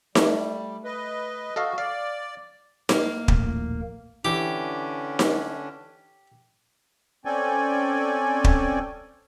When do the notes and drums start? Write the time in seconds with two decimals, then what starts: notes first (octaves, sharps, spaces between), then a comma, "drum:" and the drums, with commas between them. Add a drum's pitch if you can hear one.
0.15 G3 A3, drum: snare D#4
0.85 B4 D#5
1.56 F#4 A4 D#5 F5
1.78 D5 F5
2.89 A#3, drum: snare D#4
3.28 D#1 A#1 A2, drum: kick
4.25 D3 E3 C#4 D4 G4
5.19 drum: snare D#4
7.25 C4 C#4 A4 D5 G5 G#5
8.44 drum: kick